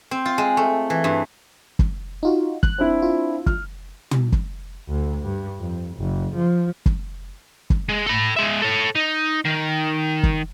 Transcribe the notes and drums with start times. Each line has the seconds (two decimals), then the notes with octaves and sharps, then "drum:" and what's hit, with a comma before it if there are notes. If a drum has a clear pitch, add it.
0.11 C4
0.26 F4
0.38 G#3
0.57 A3
0.90 E3
1.04 G2
1.79 drum: kick
2.23 D#4 F4 F#4
2.63 F#6, drum: kick
2.78 C4 D4 E4
3.02 F4
3.46 F6, drum: kick
4.11 drum: tom
4.32 drum: kick
4.89 D2
5.24 G2
5.59 F2
5.96 F#1
6.34 F3
6.86 drum: kick
7.70 drum: kick
7.89 G#3
8.07 A4 B5
8.37 G#3 E5
8.62 A4 C#5
8.96 D#4
9.45 D#3
10.23 drum: kick